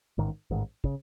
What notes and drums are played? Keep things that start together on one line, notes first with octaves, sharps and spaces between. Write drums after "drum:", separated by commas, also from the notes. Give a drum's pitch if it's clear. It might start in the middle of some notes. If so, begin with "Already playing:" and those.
A1 G#2 D#3
A1 G#2 D#3
C#3, drum: kick